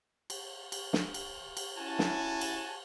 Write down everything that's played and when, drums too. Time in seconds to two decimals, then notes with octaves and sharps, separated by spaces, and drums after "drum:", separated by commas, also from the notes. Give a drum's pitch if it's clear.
0.30 drum: cymbal
0.72 drum: cymbal
0.93 drum: snare
1.14 drum: cymbal
1.57 drum: cymbal
1.78 C#4 E4 F#4 G#5 A5
1.99 drum: snare
2.41 drum: cymbal